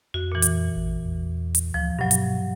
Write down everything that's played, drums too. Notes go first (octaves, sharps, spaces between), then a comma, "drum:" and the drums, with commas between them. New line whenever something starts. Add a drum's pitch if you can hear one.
F2 F#4
A#2 E3
drum: hi-hat
A1
E2
drum: hi-hat
D2 F3
G2 B2 F#3
drum: hi-hat